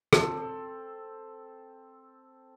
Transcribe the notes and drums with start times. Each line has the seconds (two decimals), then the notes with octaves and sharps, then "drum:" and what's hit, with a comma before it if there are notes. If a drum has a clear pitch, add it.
0.13 C4 A4, drum: rim click